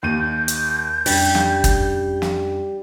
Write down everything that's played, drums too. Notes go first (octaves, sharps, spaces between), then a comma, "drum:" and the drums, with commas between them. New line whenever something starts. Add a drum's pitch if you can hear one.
D#2 G6 D#7
drum: hi-hat
F2 G3 C#4 D4 A6, drum: open hi-hat
drum: snare
drum: kick, hi-hat
drum: snare